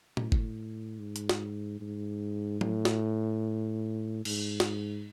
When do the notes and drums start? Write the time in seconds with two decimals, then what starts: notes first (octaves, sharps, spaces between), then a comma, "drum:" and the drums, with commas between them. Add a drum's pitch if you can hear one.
0.17 A2, drum: tom A#2
0.32 drum: kick G1
0.99 G#2
1.16 drum: hi-hat
1.29 drum: snare
1.81 G#2
2.61 A2, drum: tom F#3
2.85 drum: snare
4.25 G#2, drum: cymbal
4.60 drum: snare